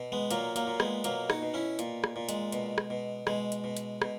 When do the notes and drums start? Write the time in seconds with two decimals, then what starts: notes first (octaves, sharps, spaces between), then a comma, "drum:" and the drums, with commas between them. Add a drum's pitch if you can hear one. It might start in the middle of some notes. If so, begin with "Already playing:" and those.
Already playing: B2
0.12 G#3 B3
0.31 A#2 F#3 A#3, drum: hi-hat
0.56 F#3 A#3, drum: hi-hat
0.67 A#2
0.80 G#3 B3, drum: rim click
1.04 B2 F#3 A#3, drum: hi-hat
1.30 D#4 F#4, drum: rim click
1.42 B2
1.54 C#4 E4
1.79 A#2, drum: hi-hat
2.04 drum: rim click
2.16 A#2
2.29 G#3, drum: hi-hat
2.52 B2, drum: hi-hat
2.78 drum: rim click
2.90 B2
3.27 B2 G#3, drum: rim click
3.52 drum: hi-hat
3.64 B2
3.77 drum: hi-hat
4.02 B2, drum: rim click